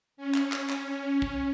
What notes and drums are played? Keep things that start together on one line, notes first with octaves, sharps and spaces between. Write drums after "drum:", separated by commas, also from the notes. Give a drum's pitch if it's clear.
C#4
drum: clap
drum: clap
drum: clap
drum: kick